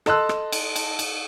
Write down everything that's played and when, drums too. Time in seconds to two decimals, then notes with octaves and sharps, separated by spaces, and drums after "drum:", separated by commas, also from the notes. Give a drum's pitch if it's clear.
0.06 A4 D#5 A5 C6 E6 F#6, drum: rim click
0.29 drum: rim click
0.52 drum: cymbal
0.76 drum: cymbal
0.99 drum: cymbal